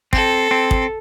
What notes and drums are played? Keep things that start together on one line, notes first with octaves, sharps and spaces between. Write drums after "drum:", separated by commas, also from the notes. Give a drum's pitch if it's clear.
C4 A4, drum: kick
C4
drum: kick